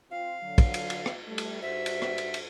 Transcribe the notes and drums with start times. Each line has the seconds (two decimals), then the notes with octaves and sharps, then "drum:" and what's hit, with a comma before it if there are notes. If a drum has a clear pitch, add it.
0.11 C4 F4 F5
0.42 D3 F#3
0.58 drum: kick, cymbal
0.74 drum: cymbal
0.90 drum: cymbal
1.06 drum: rim click
1.27 G3 A3
1.38 drum: cymbal
1.62 G2 F#4 C5 E5
1.86 drum: cymbal
2.02 drum: rim click
2.18 drum: cymbal
2.34 drum: cymbal